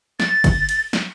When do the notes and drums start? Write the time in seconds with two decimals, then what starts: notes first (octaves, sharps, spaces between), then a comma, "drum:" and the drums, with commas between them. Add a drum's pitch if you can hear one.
0.20 A6, drum: snare
0.44 drum: kick G1, cymbal
0.69 drum: cymbal
0.93 drum: snare